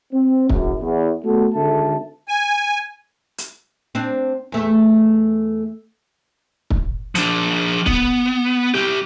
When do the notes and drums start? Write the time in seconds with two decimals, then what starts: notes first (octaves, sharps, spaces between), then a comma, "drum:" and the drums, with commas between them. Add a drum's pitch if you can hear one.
0.13 C4
0.49 F#1 F#2, drum: kick
0.80 E2
1.25 A3 B3 F#4 A4
1.55 G#1 D3 A4 E5 A5
2.28 G#5
3.38 drum: hi-hat
3.95 C4 D4
4.52 E2 A3
6.70 drum: kick
7.15 F3 D4, drum: hi-hat
7.86 B3, drum: kick
8.74 C2 G4